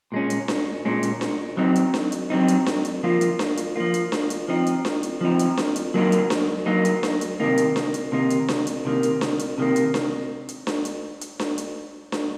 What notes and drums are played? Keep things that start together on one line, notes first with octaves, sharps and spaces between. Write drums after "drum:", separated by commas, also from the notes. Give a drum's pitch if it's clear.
A#2 G#3 C#4
drum: hi-hat
drum: snare D4
A#2 G#3 C#4
drum: hi-hat
drum: snare D4
F#3 C4 D#4
drum: hi-hat
drum: snare D4
drum: hi-hat
F#3 C4 D#4
drum: hi-hat
drum: snare D4
drum: hi-hat
F3 A#3 F4
drum: hi-hat
drum: snare D4
drum: hi-hat
F3 A#3 F4
drum: hi-hat
drum: snare D4
drum: hi-hat
F3 C4 D#4
drum: hi-hat
drum: snare D4
drum: hi-hat
F3 C4 D#4
drum: hi-hat
drum: snare D4
drum: hi-hat
F#3 A#3 D#4
drum: hi-hat
drum: snare D4
F#3 A#3 D#4
drum: hi-hat
drum: snare D4
drum: hi-hat
C3 D#3 A#3 D#4
drum: hi-hat
drum: snare D4
drum: hi-hat
C3 D#3 A#3 D#4
drum: hi-hat
drum: snare D4
drum: hi-hat
C3 D#3 A#3
drum: hi-hat
drum: snare D4
drum: hi-hat
C3 D#3 A#3
drum: hi-hat
drum: snare D4
drum: hi-hat
drum: snare D4
drum: hi-hat
drum: hi-hat
drum: snare D4
drum: hi-hat
drum: snare D4